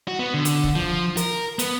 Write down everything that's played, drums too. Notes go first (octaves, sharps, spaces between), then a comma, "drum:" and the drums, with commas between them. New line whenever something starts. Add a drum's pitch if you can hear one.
F#4
B3
D3
drum: hi-hat
drum: kick
F3
A#4, drum: hi-hat
B3, drum: hi-hat